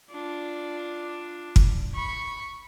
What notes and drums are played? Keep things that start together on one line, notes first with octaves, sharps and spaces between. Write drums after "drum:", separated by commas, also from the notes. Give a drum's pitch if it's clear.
D4 F4
drum: kick
B5 C#6